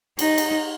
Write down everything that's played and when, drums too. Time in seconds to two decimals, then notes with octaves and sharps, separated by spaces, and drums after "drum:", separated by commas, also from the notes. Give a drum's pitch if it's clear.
0.19 D#4, drum: cymbal
0.38 drum: cymbal